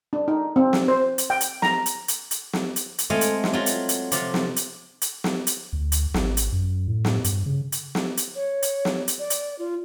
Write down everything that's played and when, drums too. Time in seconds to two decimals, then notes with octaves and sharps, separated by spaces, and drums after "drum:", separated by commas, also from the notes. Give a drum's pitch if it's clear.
0.13 D4
0.28 D#4
0.56 C4
0.73 drum: snare
0.88 C5
1.18 drum: hi-hat
1.30 G5
1.41 drum: hi-hat
1.62 A#5, drum: snare
1.86 drum: hi-hat
2.08 drum: hi-hat
2.31 drum: hi-hat
2.53 drum: snare
2.76 drum: hi-hat
2.98 drum: hi-hat
3.10 G#3 A3 C4 F5 G#5
3.21 drum: hi-hat
3.44 drum: snare
3.53 F#3 F4
3.66 drum: hi-hat
3.89 drum: hi-hat
4.12 C3 F3, drum: hi-hat
4.34 drum: snare
4.56 drum: hi-hat
5.02 drum: hi-hat
5.24 drum: snare
5.47 drum: hi-hat
5.73 D2
5.92 drum: hi-hat
6.14 G#1, drum: snare
6.37 drum: hi-hat
6.52 F#2
6.88 A2
7.05 drum: snare
7.24 G2, drum: hi-hat
7.46 C#3
7.72 drum: hi-hat
7.95 drum: snare
8.17 drum: hi-hat
8.36 C#5
8.62 drum: hi-hat
8.85 drum: snare
9.08 drum: hi-hat
9.19 D5
9.30 drum: hi-hat
9.59 F4